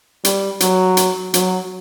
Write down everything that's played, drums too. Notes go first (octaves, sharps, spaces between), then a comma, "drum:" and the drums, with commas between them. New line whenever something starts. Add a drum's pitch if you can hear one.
G3, drum: hi-hat
F#3, drum: hi-hat
drum: hi-hat
F#3, drum: hi-hat